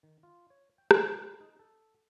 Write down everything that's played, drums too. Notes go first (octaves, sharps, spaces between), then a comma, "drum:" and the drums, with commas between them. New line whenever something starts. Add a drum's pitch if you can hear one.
D#3
F4
C#5
G5
A3, drum: rim click
B4
D#4
A4